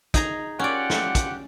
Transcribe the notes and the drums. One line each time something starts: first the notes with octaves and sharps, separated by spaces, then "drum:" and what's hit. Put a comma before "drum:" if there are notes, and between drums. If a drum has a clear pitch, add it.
D#4 G#4 A#5, drum: kick, hi-hat
C#4 F4 G4 D5 F#5
drum: snare
drum: kick, hi-hat